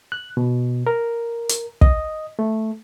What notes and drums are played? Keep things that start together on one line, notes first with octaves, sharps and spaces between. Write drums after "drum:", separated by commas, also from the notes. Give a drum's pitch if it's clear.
F#6
B2
A#4
drum: hi-hat
D#5, drum: kick
A3